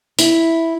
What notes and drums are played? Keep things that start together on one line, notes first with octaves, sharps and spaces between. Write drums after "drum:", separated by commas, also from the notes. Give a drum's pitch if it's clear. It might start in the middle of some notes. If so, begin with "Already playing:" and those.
E4, drum: open hi-hat